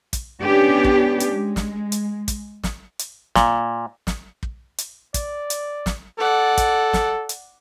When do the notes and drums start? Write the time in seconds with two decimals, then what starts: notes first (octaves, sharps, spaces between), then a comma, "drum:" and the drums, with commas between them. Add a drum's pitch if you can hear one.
0.13 drum: kick, hi-hat
0.42 B3 C#4 D4 G4
0.84 drum: kick
1.20 drum: hi-hat
1.34 G#3
1.56 drum: snare
1.92 drum: hi-hat
2.28 drum: kick, hi-hat
2.64 drum: snare
2.99 drum: hi-hat
3.36 A#2, drum: snare
4.07 drum: snare
4.43 drum: kick
4.78 drum: hi-hat
5.14 D5, drum: kick, hi-hat
5.50 drum: hi-hat
5.86 drum: snare
6.18 A4 D5 F#5
6.58 drum: kick, hi-hat
6.93 drum: snare
7.29 drum: hi-hat